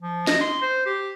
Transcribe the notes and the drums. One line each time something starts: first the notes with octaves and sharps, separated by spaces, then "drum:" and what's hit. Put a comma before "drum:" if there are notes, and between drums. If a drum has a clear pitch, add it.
F3
D#5, drum: snare
C6
C5
G4